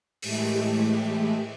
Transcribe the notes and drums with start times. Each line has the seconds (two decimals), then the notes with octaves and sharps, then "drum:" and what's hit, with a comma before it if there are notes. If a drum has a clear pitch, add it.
0.22 A2 E3 G#3 A3 E4 G4, drum: open hi-hat